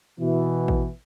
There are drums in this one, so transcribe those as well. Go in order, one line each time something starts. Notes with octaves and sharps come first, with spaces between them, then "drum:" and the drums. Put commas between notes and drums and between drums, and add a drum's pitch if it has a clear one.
B2 E3
drum: kick